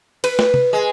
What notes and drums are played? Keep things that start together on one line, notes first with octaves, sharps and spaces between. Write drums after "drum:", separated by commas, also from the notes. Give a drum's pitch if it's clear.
B4, drum: cymbal
drum: snare
drum: tom
G#3